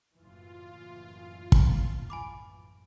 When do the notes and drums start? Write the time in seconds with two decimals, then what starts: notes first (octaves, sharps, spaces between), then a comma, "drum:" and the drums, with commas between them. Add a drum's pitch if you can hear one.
0.17 F#1 F#2 A2 E3 F4
1.52 drum: kick
2.10 G#5 B5 D6